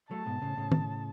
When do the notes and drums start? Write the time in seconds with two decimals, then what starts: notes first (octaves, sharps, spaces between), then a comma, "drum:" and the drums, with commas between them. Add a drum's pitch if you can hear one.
0.10 F#3 A3 A5
0.26 G#2 B2
0.42 A2 C#3
0.57 A2 C#3
0.72 drum: tom